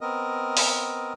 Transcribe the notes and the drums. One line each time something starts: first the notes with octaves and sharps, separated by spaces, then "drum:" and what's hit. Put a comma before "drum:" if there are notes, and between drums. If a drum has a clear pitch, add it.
B3 C4 A#4 D#5
drum: open hi-hat